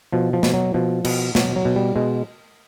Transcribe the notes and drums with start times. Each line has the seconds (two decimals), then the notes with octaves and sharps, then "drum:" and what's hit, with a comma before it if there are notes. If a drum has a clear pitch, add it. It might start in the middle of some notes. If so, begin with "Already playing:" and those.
0.12 B2 F3
0.33 F3
0.43 B2, drum: snare
0.54 F#3
0.74 B2 F3
1.05 B2, drum: cymbal
1.35 B2 F#3, drum: snare
1.56 F#3
1.65 B2
1.76 G3
1.96 B2 G#3